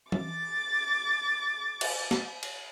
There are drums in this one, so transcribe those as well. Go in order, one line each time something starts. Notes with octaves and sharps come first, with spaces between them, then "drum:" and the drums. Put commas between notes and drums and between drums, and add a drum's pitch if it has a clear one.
D6 A6, drum: tom E3
drum: cymbal
drum: snare
drum: cymbal